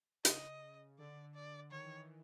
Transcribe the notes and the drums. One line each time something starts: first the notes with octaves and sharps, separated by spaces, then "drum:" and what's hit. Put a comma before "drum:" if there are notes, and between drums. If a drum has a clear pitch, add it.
C#3 D#5, drum: hi-hat
D3 D5
D5
D#3 C#5
E3
D#3